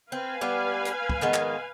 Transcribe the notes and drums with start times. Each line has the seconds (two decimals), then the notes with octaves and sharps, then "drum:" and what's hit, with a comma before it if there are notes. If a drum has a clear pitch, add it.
0.12 C4 B4 F5 G#5
0.41 G3 B3
0.85 drum: hi-hat
1.10 drum: kick
1.21 D#3 G#3 B3
1.34 drum: clap